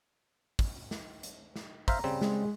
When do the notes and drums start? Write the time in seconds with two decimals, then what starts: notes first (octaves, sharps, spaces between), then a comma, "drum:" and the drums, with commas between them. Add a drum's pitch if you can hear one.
0.59 drum: kick, open hi-hat
0.91 drum: snare
1.23 drum: hi-hat
1.56 drum: snare
1.88 C5 E5 F5 A#5, drum: kick, open hi-hat
2.04 C#3 G3 C4
2.21 G#3, drum: snare